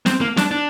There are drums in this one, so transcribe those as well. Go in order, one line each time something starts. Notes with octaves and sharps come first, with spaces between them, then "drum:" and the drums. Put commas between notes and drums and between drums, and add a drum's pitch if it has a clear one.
C4, drum: snare
A#3
D4, drum: snare
D4